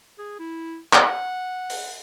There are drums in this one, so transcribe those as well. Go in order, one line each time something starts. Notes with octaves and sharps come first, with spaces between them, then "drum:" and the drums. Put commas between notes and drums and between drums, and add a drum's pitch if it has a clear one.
G#4
E4
F#5, drum: clap
drum: open hi-hat